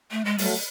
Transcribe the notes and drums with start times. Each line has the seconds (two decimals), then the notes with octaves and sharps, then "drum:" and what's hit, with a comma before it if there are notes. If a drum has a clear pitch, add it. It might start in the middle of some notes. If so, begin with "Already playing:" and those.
0.11 A3
0.25 G#3
0.38 F#3 G3 A3, drum: open hi-hat